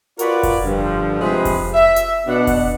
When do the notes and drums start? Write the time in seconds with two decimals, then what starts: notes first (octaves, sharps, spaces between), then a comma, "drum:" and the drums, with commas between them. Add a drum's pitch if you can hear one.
0.19 F4 F#4 A#4 B4 C#5 D5, drum: hi-hat
0.43 drum: kick F1, open hi-hat
0.65 G2 D3 F3
1.20 C3 F3 G#3 G#4 B4
1.45 drum: kick F1, open hi-hat
1.74 E5
1.96 drum: hi-hat
2.27 B2 D4 F#5
2.47 drum: kick F1, open hi-hat